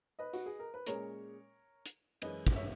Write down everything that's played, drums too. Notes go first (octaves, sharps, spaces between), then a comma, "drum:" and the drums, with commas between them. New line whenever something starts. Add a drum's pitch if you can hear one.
B4 D#5
F#4, drum: tambourine
G#4
A#4
B4
A#2 G#3 C#4 A#4 C#5, drum: hi-hat
drum: hi-hat
F#2 E3 G#3 C#4 B4 D#5, drum: cymbal
drum: kick
C#5 E5